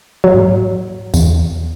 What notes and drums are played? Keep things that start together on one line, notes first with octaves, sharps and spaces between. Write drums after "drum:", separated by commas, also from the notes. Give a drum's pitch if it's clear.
F#3
drum: tom G#2
E2, drum: tambourine